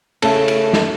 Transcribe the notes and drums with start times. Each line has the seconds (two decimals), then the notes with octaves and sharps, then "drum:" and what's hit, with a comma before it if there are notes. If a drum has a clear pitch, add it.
0.22 C#3 A3 E4 A4, drum: cymbal
0.48 drum: cymbal
0.73 drum: snare